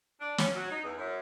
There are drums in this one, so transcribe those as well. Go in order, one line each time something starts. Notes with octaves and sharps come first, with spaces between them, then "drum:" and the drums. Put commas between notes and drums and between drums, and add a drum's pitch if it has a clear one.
D4
C#4, drum: snare
F#3
D#4
E2
F#2